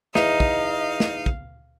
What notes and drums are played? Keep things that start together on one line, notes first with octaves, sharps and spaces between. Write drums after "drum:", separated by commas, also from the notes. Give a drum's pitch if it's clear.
E2 D#4 D#5 F5, drum: snare
drum: kick
drum: snare
drum: kick